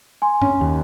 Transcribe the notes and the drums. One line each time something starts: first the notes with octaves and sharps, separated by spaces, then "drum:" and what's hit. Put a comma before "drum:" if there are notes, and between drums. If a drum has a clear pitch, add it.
G#5 C6
C#4, drum: tom F#2
D#2